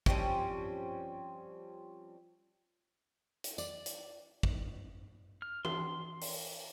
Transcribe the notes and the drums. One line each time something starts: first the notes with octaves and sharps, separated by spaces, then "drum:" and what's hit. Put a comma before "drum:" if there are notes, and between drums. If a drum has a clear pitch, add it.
F3 G3 C4 C#4, drum: kick
drum: hi-hat
D5, drum: tambourine
drum: hi-hat
drum: kick
F6
C6, drum: tom
drum: open hi-hat